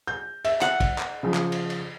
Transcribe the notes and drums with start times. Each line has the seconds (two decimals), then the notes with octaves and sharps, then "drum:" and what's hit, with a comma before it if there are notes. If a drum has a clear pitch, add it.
0.07 G6
0.45 E5, drum: cymbal
0.61 F#5, drum: clap
0.80 drum: kick, cymbal
0.98 drum: clap
1.23 C#3 F3
1.34 drum: clap
1.52 drum: cymbal
1.70 drum: cymbal